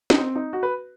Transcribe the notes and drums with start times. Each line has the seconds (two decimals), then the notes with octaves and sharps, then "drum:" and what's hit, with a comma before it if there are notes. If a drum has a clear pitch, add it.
0.10 D#4, drum: snare
0.18 C4
0.36 D#4
0.53 F#4
0.63 B4